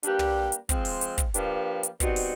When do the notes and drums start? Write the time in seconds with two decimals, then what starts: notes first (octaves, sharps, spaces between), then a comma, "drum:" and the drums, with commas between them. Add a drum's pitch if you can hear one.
0.03 G3 A#3 D4 G4 B4, drum: hi-hat
0.19 drum: tom
0.52 drum: hi-hat
0.69 F3 G#3 C4, drum: kick, hi-hat
0.85 drum: open hi-hat
1.01 drum: hi-hat
1.18 drum: kick, hi-hat
1.34 F3 A#3 D4 G4 B4, drum: hi-hat
1.83 drum: hi-hat
2.00 B2 G3 C4 D#4 F#4, drum: kick, hi-hat
2.16 drum: open hi-hat